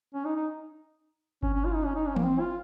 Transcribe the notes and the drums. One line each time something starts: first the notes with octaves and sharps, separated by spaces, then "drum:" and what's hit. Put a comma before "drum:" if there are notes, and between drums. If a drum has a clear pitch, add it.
C#4
D#4
D#4
C#4, drum: kick G1
C#4
F4
D#4
C#4
D#4
C#4
A#3, drum: tom E3
C4
F4